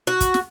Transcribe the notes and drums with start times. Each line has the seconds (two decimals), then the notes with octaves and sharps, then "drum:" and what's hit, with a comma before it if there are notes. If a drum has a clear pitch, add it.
0.07 F#4
0.21 drum: kick, hi-hat
0.34 drum: snare